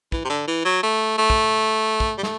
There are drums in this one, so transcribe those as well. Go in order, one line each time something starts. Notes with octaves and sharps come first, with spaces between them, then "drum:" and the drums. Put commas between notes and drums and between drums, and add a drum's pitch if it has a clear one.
E3, drum: kick
C3
D3
E3
F#3
A3
A3
drum: kick
drum: kick
G3
A3, drum: snare